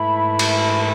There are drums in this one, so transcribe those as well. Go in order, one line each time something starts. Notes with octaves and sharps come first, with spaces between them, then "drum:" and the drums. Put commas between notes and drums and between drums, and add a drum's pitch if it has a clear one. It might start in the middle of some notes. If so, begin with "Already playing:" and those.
Already playing: G#2 E3 A3 E4 B5
drum: cymbal